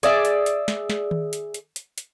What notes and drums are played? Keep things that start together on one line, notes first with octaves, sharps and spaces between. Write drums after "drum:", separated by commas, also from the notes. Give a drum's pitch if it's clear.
G#4 D5 E5, drum: hi-hat
drum: hi-hat
drum: hi-hat
drum: snare
drum: snare
drum: tom D#3
drum: hi-hat
drum: hi-hat
drum: hi-hat
drum: hi-hat